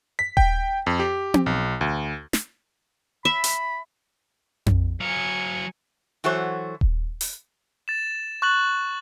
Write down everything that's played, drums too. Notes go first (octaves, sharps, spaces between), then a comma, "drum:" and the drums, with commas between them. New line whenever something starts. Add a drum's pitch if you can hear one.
B6
G5, drum: kick D#1
F2
G4
drum: tom C4
B1
D2
drum: snare
E5 B5
drum: hi-hat
drum: tom F2
F#3 F5 G#5 C#7
E3 F#3 F#4 A4 C5 C#5
drum: kick D#1
drum: open hi-hat
A6 E7
C#6 F#6 A6 F#7